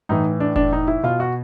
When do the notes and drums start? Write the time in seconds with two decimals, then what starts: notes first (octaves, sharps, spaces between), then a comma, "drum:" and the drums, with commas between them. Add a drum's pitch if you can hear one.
0.09 A2 E3 D#4
0.40 D4
0.56 D4, drum: kick F1
0.73 D#4
0.87 E4
1.03 B2 F4
1.20 F#4